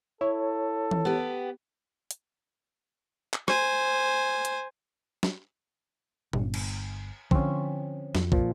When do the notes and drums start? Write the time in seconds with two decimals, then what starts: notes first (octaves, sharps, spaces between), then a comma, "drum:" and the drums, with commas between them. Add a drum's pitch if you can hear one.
0.21 E4 A4 C#5
0.91 drum: tom E3
1.05 B3 G4
2.11 drum: hi-hat
3.33 drum: clap
3.48 C5 G#5, drum: rim click
4.45 drum: hi-hat
5.23 drum: snare
6.33 G1, drum: tom A#2
6.54 drum: cymbal
7.31 D3 F3 C4 C#4, drum: kick
8.15 F2, drum: snare
8.32 A#2 F3, drum: kick